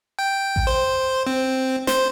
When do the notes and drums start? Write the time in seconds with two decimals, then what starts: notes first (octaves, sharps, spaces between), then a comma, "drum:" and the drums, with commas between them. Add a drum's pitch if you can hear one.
0.19 G5
0.56 drum: kick A1
0.67 C5
1.27 C4
1.87 C5, drum: snare